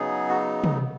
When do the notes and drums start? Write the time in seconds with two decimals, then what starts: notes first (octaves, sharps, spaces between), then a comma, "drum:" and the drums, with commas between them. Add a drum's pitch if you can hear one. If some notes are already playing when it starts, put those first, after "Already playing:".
Already playing: C#3 F#3 B3 D#4 G#4
0.29 F#4
0.64 drum: tom